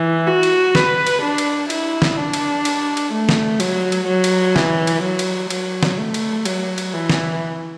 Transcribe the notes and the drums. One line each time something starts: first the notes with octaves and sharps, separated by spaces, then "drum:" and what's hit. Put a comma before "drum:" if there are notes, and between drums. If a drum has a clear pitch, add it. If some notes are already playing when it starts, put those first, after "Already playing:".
Already playing: E3
F#4
drum: cymbal
B4, drum: snare
drum: cymbal
D4
drum: cymbal
E4, drum: cymbal
drum: snare
D4
drum: cymbal
drum: cymbal
drum: cymbal
A3
drum: snare
F#3, drum: cymbal
drum: cymbal
F#3
drum: cymbal
E3, drum: snare
drum: cymbal
F#3
drum: cymbal
F#3, drum: cymbal
drum: snare
A3
drum: cymbal
F#3, drum: cymbal
drum: cymbal
E3
drum: snare